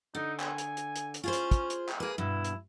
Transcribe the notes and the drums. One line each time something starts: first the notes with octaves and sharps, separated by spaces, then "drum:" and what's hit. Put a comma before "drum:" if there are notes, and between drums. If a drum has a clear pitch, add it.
D3 D#4
G#5, drum: clap
drum: hi-hat
drum: hi-hat
drum: hi-hat
drum: hi-hat
C#4 F4 G#4 C5
drum: hi-hat
drum: kick, hi-hat
drum: hi-hat
drum: clap
A#3 G#4 B4
G2 B2 E4
drum: hi-hat